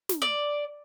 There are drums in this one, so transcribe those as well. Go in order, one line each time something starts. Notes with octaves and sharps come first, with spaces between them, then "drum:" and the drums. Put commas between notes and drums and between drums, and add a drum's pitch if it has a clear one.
drum: snare
D5